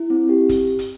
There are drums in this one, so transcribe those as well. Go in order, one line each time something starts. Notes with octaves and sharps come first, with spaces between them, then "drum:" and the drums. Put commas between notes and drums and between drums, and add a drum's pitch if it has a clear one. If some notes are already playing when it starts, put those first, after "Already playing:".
Already playing: E4
C4
G4
drum: kick, hi-hat
drum: hi-hat